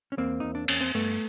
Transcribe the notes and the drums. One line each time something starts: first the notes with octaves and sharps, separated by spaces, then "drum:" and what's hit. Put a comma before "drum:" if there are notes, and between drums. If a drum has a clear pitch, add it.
C#4
E2 A#3 C4
E2 D#4
D4
E2 C#4, drum: cymbal
C4
G2 A3 B3